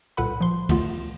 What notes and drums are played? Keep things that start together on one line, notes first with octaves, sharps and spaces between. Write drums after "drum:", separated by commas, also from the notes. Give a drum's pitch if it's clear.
C2 A#2 A4 B4 F#5 B5
F3 C6
D#3 A3 B3 F4, drum: kick C#2, cymbal